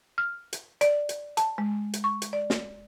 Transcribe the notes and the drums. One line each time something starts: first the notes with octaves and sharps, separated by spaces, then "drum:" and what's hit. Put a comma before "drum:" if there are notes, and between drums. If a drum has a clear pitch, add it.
F6
drum: hi-hat
D5, drum: hi-hat
drum: hi-hat
A5, drum: hi-hat
G#3
drum: hi-hat
C#6
drum: hi-hat
D5
drum: snare